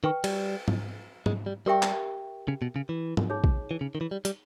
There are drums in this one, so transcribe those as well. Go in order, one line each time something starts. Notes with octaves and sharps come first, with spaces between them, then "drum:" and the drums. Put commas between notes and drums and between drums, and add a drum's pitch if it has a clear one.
D#3 B4 G5 C#6
G3, drum: cymbal
drum: tom G#2
G#3, drum: tom G#2
G3
G3 G4 A#4 E5 G5 C#6
drum: clap
C#3
B2
C#3
E3
drum: tom G#2
D#4 G#4 C#5
drum: kick A#1
E3
C#3
D#3
E3
G3
G3, drum: hi-hat